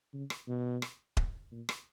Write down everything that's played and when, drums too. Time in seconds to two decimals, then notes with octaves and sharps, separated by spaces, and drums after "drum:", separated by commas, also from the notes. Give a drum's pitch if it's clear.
0.13 C#3
0.30 drum: rim click
0.47 B2
0.82 drum: rim click
1.17 drum: kick D#1
1.51 A#2
1.69 drum: rim click